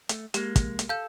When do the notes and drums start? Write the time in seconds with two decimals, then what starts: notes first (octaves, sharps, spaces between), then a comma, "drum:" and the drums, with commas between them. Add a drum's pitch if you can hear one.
0.09 A3, drum: hi-hat
0.34 G#3 A#3 G4, drum: hi-hat
0.56 drum: kick, hi-hat
0.79 drum: hi-hat
0.89 A4 F5 G6